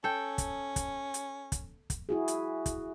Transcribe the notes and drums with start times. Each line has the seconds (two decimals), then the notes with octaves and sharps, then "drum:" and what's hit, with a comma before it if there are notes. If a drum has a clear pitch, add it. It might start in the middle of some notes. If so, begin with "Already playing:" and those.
0.04 C#4 A4 G5
0.38 drum: kick, hi-hat
0.76 drum: kick, hi-hat
1.14 drum: hi-hat
1.52 drum: kick, hi-hat
1.90 drum: kick, hi-hat
2.09 E4 F#4 G#4
2.28 drum: hi-hat
2.66 drum: kick, hi-hat